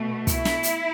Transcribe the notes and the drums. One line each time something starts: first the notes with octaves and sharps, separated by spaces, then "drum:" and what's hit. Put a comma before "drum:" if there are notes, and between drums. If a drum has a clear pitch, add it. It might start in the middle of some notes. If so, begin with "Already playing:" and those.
Already playing: B2 A3
E4, drum: kick, hi-hat
drum: snare
drum: hi-hat